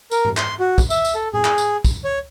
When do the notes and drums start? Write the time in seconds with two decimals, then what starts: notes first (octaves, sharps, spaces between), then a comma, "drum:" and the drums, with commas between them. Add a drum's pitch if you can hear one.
0.11 A#4, drum: tambourine
0.25 drum: tom G#2
0.37 C6, drum: clap
0.60 F#4
0.78 drum: kick, tambourine
0.90 E5, drum: tambourine
1.05 drum: tambourine
1.15 A4
1.34 G#4, drum: tom A2
1.45 drum: clap
1.58 drum: tambourine
1.85 drum: kick, tambourine
2.04 C#5